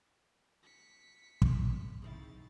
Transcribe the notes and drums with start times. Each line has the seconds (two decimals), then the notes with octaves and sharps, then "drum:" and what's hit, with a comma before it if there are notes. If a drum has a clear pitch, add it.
0.63 B6 C#7
1.42 drum: kick
2.02 C#3 C4 D#4 E4 A6